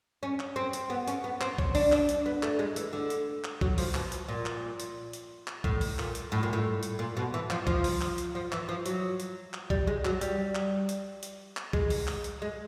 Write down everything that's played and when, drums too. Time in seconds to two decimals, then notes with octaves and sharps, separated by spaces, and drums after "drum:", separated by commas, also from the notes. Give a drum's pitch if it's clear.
0.23 C#4
0.40 drum: clap
0.56 C4
0.73 drum: hi-hat
0.90 B3
1.08 C#4, drum: hi-hat
1.24 B3
1.41 C4, drum: clap
1.58 C#4, drum: kick B1
1.75 D4, drum: open hi-hat
1.92 D4, drum: clap
2.09 drum: hi-hat
2.26 B3
2.43 A3, drum: clap
2.59 G#3
2.76 E3, drum: hi-hat
2.93 D3
3.10 drum: hi-hat
3.44 drum: clap
3.61 F#3, drum: kick B1
3.78 F3, drum: open hi-hat
3.94 B2, drum: clap
4.12 drum: hi-hat
4.28 A#2
4.46 drum: clap
4.80 drum: hi-hat
5.13 drum: hi-hat
5.47 drum: clap
5.64 A2, drum: kick B1
5.81 drum: open hi-hat
5.99 A#2, drum: clap
6.15 drum: hi-hat
6.32 A2
6.43 A#2
6.53 A2
6.83 drum: hi-hat
6.99 A#2
7.17 B2
7.34 E3
7.50 F3, drum: clap
7.67 F3, drum: kick B1
7.84 drum: open hi-hat
8.01 drum: clap
8.18 drum: hi-hat
8.35 F3
8.52 E3, drum: clap
8.69 F3
8.86 F#3, drum: hi-hat
9.20 drum: hi-hat
9.53 drum: clap
9.70 G3, drum: kick B1
9.87 G#3
10.05 F#3, drum: clap
10.21 G3, drum: hi-hat
10.55 drum: clap
10.89 drum: hi-hat
11.23 drum: hi-hat
11.57 drum: clap
11.73 G#3, drum: kick B1
11.90 drum: open hi-hat
12.07 drum: clap
12.24 drum: hi-hat
12.42 G#3